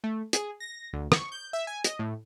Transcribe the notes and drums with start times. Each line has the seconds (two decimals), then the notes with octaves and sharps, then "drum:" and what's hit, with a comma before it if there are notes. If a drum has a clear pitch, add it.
0.04 A3
0.33 G#4, drum: hi-hat
0.60 A#6
0.93 D2
1.12 C#6, drum: rim click
1.32 G6
1.53 E5
1.67 G#5
1.84 D#5, drum: hi-hat
1.99 A2